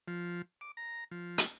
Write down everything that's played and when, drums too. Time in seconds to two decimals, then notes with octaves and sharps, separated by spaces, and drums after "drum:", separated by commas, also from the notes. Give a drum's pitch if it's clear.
0.08 F3
0.61 D6
0.77 A#5
1.11 F3
1.38 drum: hi-hat